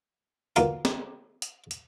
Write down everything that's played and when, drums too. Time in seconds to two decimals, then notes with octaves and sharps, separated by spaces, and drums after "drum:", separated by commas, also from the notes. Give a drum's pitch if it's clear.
0.56 D2 A#3 B3 F4 A#4, drum: hi-hat
0.85 drum: snare
1.42 drum: hi-hat
1.71 drum: hi-hat